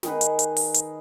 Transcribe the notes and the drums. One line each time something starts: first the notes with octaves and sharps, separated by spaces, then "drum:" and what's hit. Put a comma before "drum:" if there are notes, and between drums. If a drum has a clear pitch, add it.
D#3 D#4 G#4 B4, drum: snare
drum: hi-hat
drum: hi-hat
drum: open hi-hat
drum: hi-hat